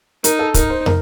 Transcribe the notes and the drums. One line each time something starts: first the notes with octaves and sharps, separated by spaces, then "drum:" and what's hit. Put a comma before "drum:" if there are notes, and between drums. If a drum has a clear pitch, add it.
D#4 A#4, drum: hi-hat
A4
D#4 A#4, drum: kick, hi-hat
C5
A#4, drum: tom